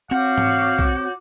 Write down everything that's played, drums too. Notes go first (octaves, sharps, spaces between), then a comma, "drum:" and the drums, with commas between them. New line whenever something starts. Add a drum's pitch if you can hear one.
C4 F#4 C#5 F5 D6 G6
drum: tom G#2
drum: kick B1